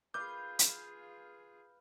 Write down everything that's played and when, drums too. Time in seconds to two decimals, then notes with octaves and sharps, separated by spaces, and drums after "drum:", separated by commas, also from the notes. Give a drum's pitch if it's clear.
0.14 F4 G#4 B4 F5 D6 G6
0.59 drum: hi-hat